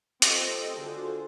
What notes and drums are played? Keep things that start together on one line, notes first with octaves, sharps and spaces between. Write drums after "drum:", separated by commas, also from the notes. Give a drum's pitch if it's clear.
C4 F4 G4 A4 D#5 G5, drum: hi-hat
D3 F4 F#4 G#4 A4 C5